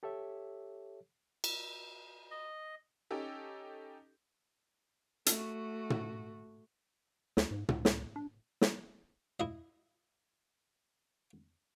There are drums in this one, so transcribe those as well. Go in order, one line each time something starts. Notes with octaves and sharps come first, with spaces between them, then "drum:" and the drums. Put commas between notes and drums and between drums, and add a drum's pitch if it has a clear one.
G4 A4 C#5 E5
drum: cymbal
D#5
C#4 D#4 G4 A4
A3 F#4, drum: hi-hat
drum: tom
D2, drum: snare
G#2
C#2, drum: tom
drum: snare
D4
drum: snare
E4 D#5